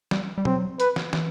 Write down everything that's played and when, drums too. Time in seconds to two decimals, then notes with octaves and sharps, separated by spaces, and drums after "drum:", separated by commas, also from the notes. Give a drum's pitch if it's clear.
0.11 G3, drum: snare
0.38 G3
0.45 F#3 C4, drum: tom
0.80 B4, drum: hi-hat
0.96 drum: snare
1.13 E3, drum: snare